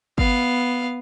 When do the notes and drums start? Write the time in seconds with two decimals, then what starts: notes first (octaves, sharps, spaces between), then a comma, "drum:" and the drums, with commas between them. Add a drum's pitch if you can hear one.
0.18 B3 F5, drum: kick